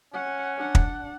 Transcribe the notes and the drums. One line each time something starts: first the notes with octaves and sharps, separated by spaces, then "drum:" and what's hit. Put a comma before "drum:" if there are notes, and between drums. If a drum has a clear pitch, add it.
C#4 F#5
D4 F#5
drum: kick